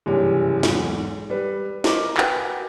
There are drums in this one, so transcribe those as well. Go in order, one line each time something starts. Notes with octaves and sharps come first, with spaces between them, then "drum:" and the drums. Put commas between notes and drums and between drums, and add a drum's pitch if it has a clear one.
F#1 G2 C3 E3 C#5
B1 E2 G#2, drum: snare
G3 B4
A#4 C5 D#5 A#5 C#6 D6, drum: snare
F#4 A#4 B4 G5 G#5, drum: clap